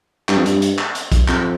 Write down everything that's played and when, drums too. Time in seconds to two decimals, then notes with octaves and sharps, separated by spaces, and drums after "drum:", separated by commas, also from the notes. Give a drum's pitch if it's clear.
0.29 G2, drum: clap
0.37 F2
0.46 G2, drum: hi-hat
0.62 drum: hi-hat
0.78 drum: clap
0.95 drum: hi-hat
1.12 drum: kick, hi-hat
1.28 F2, drum: clap